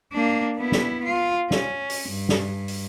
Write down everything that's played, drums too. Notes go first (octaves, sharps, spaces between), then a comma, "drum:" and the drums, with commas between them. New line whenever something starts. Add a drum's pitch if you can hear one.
A#3 D4
B3 E4
drum: snare
F4
C#4, drum: snare
drum: open hi-hat
G2
drum: snare
drum: open hi-hat